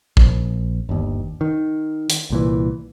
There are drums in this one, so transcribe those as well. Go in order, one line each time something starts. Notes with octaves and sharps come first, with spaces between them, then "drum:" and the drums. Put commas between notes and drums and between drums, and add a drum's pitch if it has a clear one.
A#1, drum: kick A1
G1 D#2
D#3
drum: hi-hat
C2 A#2 E3